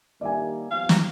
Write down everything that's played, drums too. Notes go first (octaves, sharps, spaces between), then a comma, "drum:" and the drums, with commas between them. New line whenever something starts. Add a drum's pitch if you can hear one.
D#3 G3 A#3 D5 E5 G#5
F3 G3 B3 F5
drum: snare